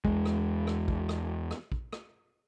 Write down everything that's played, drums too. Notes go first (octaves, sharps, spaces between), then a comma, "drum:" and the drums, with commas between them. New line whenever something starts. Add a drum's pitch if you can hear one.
E2 G#3, drum: kick
drum: rim click
drum: rim click
drum: kick
drum: rim click
drum: rim click
drum: kick
drum: rim click